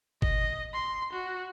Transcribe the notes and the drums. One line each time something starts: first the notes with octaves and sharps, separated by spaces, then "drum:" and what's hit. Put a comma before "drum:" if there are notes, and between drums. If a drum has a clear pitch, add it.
D#5, drum: kick G1
C6
F#4